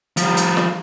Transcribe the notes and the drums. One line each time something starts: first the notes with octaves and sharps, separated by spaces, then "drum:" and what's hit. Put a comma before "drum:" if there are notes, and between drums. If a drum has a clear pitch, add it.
F3 G3, drum: hi-hat
drum: hi-hat
drum: snare